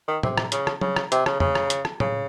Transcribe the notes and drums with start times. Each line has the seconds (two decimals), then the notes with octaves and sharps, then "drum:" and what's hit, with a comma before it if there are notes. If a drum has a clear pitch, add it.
0.08 D#3
0.23 C3, drum: tom A2
0.38 drum: rim click
0.52 C#3, drum: hi-hat
0.67 drum: rim click
0.81 C#3, drum: tom F#3
0.96 drum: rim click
1.12 C3, drum: hi-hat
1.26 C#3, drum: rim click
1.40 C#3, drum: tom
1.55 drum: rim click
1.70 drum: hi-hat
1.85 drum: rim click
2.00 C#3, drum: tom A2